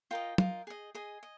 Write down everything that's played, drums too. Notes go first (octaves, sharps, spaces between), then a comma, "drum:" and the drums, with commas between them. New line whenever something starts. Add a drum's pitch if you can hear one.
F4 A#4 D#5 G5
F4 A#4 D#5, drum: tom
G#4 D#5
G#4 D#5 G#5
D#5